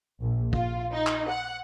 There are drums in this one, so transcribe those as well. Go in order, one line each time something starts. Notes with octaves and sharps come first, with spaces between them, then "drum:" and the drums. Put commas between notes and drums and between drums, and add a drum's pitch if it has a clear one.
A#1
F4, drum: kick
D#4
drum: clap
F#5